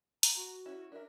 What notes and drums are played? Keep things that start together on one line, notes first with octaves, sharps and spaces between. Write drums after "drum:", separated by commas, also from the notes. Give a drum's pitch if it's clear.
A#5, drum: hi-hat
F#4
C#4 E4
D4 A#4 E5